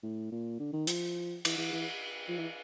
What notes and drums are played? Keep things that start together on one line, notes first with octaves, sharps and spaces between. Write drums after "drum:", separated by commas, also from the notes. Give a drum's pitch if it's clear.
A2
A#2
D3
D#3
F3, drum: hi-hat
E3, drum: cymbal
E3
E3
F3
E3